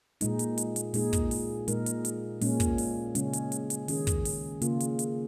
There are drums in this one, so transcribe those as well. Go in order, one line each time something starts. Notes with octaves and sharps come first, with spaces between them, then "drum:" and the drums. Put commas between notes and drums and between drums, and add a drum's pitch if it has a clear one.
A#2 G#3 D#4, drum: hi-hat
drum: hi-hat
drum: hi-hat
drum: hi-hat
A#2 G#3 D#4 G#4, drum: open hi-hat
drum: kick, hi-hat
drum: open hi-hat
A#2 G#3 D#4 A#4, drum: hi-hat
drum: hi-hat
drum: hi-hat
A#2 G#3 C#4, drum: open hi-hat
drum: kick, hi-hat
drum: open hi-hat
C#3 G#3 C#4, drum: hi-hat
drum: hi-hat
drum: hi-hat
drum: hi-hat
D#3 C#4 G#4, drum: open hi-hat
drum: kick, hi-hat
drum: open hi-hat
C#3 A#3 F4, drum: hi-hat
drum: hi-hat
drum: hi-hat